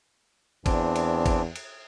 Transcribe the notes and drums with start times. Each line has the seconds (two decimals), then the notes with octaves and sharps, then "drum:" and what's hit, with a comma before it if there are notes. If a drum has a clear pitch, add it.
0.66 E2 C4 D4, drum: kick, cymbal
0.96 drum: cymbal
1.26 drum: kick, cymbal
1.56 drum: cymbal